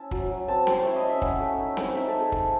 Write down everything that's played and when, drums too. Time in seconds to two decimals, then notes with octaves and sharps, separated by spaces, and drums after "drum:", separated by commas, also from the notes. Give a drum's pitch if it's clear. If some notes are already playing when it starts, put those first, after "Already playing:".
Already playing: C#4 E4 A5
0.11 F#3, drum: kick
0.30 F#3
0.48 C4 A5
0.67 C4 C5, drum: snare C4
0.83 E4 C#5
0.96 D#5
1.03 C#4
1.09 E5
1.22 C#4 F#5, drum: kick
1.40 A3
1.59 D#4
1.77 C4, drum: snare C4
1.95 D#4 E5
2.08 A4
2.14 D#4
2.20 G#4
2.32 A3 A4, drum: kick